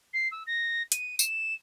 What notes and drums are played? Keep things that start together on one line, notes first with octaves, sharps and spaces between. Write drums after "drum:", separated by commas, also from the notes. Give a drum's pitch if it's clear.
C7
E6
A#6
D#7, drum: hi-hat
E7, drum: tambourine